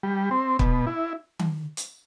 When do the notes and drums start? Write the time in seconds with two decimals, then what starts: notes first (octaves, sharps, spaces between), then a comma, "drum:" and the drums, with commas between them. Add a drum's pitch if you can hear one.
0.03 G3
0.31 C4
0.59 B2, drum: kick
0.87 E4
1.39 drum: tom D#3
1.77 drum: hi-hat